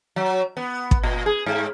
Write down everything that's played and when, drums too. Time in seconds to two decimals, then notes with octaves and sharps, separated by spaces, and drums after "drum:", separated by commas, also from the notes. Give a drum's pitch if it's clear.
0.16 F#3
0.57 B3
0.91 drum: kick
1.03 A#2
1.26 G#4
1.46 G#2